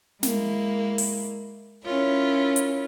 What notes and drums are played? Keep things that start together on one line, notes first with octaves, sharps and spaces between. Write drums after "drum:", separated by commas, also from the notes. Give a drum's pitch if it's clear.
G#3 A#3 E4, drum: snare
drum: open hi-hat
C#4 E4 F4 A#4 C#5
drum: hi-hat